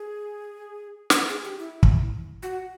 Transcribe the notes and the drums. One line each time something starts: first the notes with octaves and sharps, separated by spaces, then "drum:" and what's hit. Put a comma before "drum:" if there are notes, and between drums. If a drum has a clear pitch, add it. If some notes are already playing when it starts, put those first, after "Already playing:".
Already playing: G#4
drum: snare
G#4
G4
E4
drum: kick
F#4